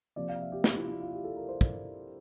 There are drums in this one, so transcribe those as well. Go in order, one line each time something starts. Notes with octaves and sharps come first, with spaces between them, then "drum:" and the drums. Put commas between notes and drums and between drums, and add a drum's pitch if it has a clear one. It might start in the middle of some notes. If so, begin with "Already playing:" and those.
C3 F3 A#3 D5
F5
E5
G4
G4, drum: snare
F4
E4
E4
F4
G4
A4
A#4
C5
drum: kick